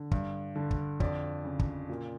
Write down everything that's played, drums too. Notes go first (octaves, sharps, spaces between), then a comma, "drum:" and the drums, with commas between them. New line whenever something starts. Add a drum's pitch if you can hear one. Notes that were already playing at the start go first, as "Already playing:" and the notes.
Already playing: D3
G2, drum: kick
D3
drum: kick
F2 D5, drum: kick
C#3
drum: kick
A#2